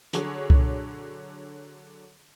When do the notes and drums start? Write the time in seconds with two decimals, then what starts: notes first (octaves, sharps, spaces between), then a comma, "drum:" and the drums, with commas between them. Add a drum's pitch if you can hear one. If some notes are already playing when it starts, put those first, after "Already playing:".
0.13 D3 F#3 D4 G#4 C#5, drum: hi-hat
0.50 drum: kick C2